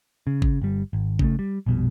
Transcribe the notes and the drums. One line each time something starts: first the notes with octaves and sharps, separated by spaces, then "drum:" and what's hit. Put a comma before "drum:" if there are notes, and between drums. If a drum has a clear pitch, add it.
C#3
drum: kick G#1
G1 G3
G#1
C#3 G#3 A3, drum: kick G#1
G3
A#1 F2 B2 G3